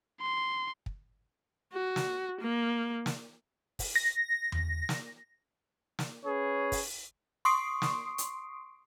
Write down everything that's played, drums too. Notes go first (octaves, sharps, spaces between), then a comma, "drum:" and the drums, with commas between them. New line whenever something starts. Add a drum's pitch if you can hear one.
C6
drum: kick
F#4
drum: snare
A#3
drum: snare
drum: kick, open hi-hat
A#6
drum: tom E2
drum: snare
drum: snare
C#4 G#4 B4 C#5
drum: kick, open hi-hat
C6 C#6 D#6 C7 D7
drum: snare
drum: hi-hat